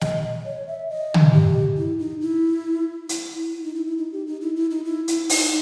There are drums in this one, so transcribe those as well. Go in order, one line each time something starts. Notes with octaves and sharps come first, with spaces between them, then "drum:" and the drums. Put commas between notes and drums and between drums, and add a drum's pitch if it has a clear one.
D#5, drum: snare
C#5
E5
D#5
drum: tom
G4
E4
D#4
E4
E4, drum: hi-hat
E4
D#4
E4
E4
D#4
G4
D#4
E4
E4
D#4
E4
E4, drum: hi-hat
D#4, drum: open hi-hat